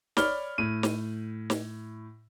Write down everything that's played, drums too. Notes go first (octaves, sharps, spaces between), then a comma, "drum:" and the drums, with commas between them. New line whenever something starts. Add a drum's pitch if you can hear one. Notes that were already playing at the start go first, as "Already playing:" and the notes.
C#5 D5 B5 F6 G7, drum: snare
A2 D#7
drum: snare
drum: snare